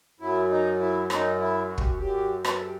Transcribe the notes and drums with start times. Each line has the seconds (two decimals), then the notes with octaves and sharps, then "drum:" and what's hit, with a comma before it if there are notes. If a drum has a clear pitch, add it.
0.20 F#2 F#3 E4
0.50 D#4
0.80 E4
1.10 F#2 F#3 D#4, drum: rim click
1.39 E4
1.69 F#4
1.78 G4, drum: kick
1.84 F#4
1.99 F#2 F#3 G4
2.44 B4, drum: rim click
2.54 A4
2.64 G4